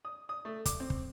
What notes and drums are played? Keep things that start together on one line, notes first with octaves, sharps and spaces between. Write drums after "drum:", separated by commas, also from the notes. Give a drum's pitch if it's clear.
D#6
D#6
A3
D6, drum: kick, hi-hat
C4
drum: kick